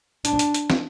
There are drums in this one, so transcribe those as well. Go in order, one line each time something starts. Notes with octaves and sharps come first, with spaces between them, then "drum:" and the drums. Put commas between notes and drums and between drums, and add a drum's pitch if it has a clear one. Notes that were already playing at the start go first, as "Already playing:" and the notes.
D4, drum: hi-hat
drum: hi-hat
drum: hi-hat
drum: snare